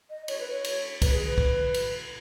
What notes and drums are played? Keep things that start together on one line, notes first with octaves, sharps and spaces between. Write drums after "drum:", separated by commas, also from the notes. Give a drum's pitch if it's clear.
D#5
C#5, drum: cymbal
B4
C#5
drum: cymbal
B4, drum: kick, cymbal
G#4
B4
drum: kick
drum: cymbal